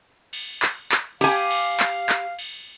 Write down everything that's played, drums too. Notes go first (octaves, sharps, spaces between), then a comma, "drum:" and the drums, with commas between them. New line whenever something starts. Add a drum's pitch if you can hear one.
drum: cymbal
drum: clap
drum: clap
G4 F5 G#5, drum: cymbal
drum: cymbal
drum: clap
drum: clap
drum: cymbal